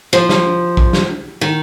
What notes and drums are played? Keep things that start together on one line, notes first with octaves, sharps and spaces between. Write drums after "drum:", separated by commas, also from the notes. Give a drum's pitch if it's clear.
F3
drum: snare
drum: kick A#1
drum: snare
D#3